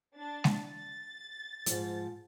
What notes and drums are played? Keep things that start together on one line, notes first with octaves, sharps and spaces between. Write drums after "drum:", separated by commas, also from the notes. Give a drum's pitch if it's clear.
D4 A6
drum: snare G#3
A6
G#2 F3, drum: hi-hat